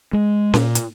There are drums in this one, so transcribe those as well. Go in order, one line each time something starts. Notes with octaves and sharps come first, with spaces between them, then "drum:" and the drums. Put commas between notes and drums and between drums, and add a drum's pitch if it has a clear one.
G#3
A#2, drum: snare C#4
drum: hi-hat